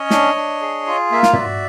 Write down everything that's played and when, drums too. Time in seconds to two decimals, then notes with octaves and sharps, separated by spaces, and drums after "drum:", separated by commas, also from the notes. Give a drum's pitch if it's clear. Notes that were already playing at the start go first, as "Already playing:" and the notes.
Already playing: C#4 C#5 D#5
0.11 D4, drum: snare
0.36 D4
0.61 G#4
0.87 F4
1.12 A#3 E5
1.23 F5, drum: snare
1.33 F#4 D5 E5, drum: tom